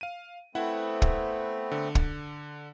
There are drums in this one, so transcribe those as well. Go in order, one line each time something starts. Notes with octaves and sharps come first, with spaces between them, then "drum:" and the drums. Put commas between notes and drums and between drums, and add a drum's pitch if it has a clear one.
F5 D#7
A3 B3 C4 E4 E5 F#5
drum: kick
D3
drum: kick